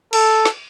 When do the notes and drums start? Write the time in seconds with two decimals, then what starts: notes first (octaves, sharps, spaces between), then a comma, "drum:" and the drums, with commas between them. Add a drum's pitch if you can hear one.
0.13 A4, drum: cymbal
0.45 drum: snare